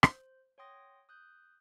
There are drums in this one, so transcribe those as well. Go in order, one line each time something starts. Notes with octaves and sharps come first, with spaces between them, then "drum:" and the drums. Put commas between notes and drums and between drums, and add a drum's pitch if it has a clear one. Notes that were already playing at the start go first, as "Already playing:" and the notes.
C5, drum: rim click
C#5 F#5 G5 C6 D#6 A#6
D#6 F#6 G6